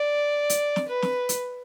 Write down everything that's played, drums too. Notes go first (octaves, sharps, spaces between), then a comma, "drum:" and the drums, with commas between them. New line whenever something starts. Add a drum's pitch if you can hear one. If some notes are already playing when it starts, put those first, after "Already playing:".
Already playing: D5
drum: hi-hat
drum: snare
B4
drum: snare
drum: hi-hat